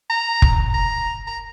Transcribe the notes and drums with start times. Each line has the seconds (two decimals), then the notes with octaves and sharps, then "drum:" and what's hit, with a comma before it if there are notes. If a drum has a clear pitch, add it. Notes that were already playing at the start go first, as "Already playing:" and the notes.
0.10 A#5
0.42 drum: kick F1
0.74 A#5
1.27 A#5